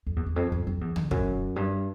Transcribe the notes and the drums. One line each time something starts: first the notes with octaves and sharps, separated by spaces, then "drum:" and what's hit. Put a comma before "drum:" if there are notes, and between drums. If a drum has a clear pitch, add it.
F2
E2
E2
F2
F2
F2
E2
F2, drum: tom
F#2, drum: kick
G2